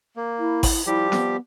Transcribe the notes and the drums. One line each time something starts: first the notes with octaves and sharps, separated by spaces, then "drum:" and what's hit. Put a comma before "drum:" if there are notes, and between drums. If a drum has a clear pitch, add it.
A#3
E4
drum: kick G#1, open hi-hat
F3 G3 E4 G4
B3, drum: snare